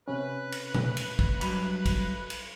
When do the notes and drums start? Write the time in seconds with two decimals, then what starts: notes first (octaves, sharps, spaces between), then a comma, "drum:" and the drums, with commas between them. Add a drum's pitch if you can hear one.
0.08 C3 C#4 B4
0.52 drum: cymbal
0.75 drum: tom A#2
0.97 drum: cymbal
1.19 drum: kick
1.41 G2 F#3 B5, drum: cymbal
1.86 drum: kick, cymbal
2.30 drum: cymbal